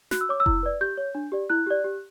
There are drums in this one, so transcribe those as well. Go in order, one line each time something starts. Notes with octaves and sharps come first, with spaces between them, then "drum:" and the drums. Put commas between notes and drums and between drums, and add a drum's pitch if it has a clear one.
F#4 F#6, drum: snare
E6
C#5 D6
E6
E4, drum: kick F1
B4 D5
G4 G6
C#5
D4
G4 D5
E4 F#6
G4 D5
G4